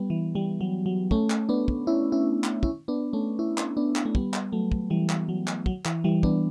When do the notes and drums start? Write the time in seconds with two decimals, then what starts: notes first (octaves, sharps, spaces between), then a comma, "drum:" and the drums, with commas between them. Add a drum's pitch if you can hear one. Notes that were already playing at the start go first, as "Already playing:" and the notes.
Already playing: G3 B3
0.10 E3
0.35 E3 G3
0.61 F#3
0.86 F#3
1.11 A3 C#4, drum: kick
1.30 drum: clap
1.49 B3 D4
1.68 drum: kick
1.87 C#4 E4
2.12 C#4 E4
2.44 drum: clap
2.63 C#4 E4, drum: kick
2.88 B3 D4
3.13 A3 C#4
3.39 C#4 E4
3.58 drum: clap
3.77 B3 D4
3.96 drum: clap
4.05 A3
4.15 G3 B3, drum: kick
4.34 drum: clap
4.52 F#3 A3
4.72 drum: kick
4.90 E3 G3
5.10 drum: clap
5.29 F#3
5.47 drum: clap
5.66 F#3, drum: kick
5.85 E3, drum: clap
6.04 E3 G3
6.23 B3 D4, drum: kick